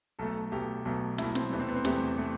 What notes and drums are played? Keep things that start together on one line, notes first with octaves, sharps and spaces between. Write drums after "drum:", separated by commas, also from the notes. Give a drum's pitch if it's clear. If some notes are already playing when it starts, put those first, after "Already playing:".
B1 B2 A3 A4
B1 B2 A3 G4
B1 B2 A3
B1 B2 A3 E4, drum: snare
C4, drum: snare
E2 C3 E3 A3 B3
C4
B3
C4
E2 C3 E3 A3 G4, drum: snare
C3 E3 A3